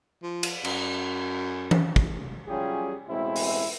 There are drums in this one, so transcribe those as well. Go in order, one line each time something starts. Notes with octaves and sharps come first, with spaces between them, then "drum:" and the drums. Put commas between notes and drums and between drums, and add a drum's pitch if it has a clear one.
F3
drum: cymbal
F#2, drum: cymbal
drum: tom E3
drum: kick
F#3 G3 C#4 F4 G4 G#4
A1 B2 G#3 C4 E4
drum: open hi-hat